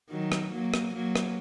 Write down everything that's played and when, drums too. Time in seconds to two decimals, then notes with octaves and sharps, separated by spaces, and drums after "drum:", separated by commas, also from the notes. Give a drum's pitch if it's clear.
0.10 D#3 F#3
0.32 drum: rim click
0.53 F#3 A#3
0.74 drum: rim click
0.94 F#3 A#3
1.16 drum: rim click